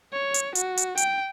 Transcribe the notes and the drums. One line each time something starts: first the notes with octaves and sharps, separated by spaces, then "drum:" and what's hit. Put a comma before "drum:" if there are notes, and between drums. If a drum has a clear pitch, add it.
C#5
drum: hi-hat
F#4, drum: hi-hat
drum: hi-hat
G5, drum: hi-hat